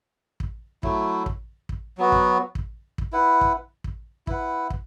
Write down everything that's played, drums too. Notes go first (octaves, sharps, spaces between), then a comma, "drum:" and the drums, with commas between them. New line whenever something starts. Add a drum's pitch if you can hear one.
drum: kick
F#3 A3 E4, drum: kick
drum: kick
drum: kick
F#3 B3 F#4
drum: kick
drum: kick
drum: kick
E4 B4 F#5
drum: kick
drum: kick
E4 B4 F#5, drum: kick
drum: kick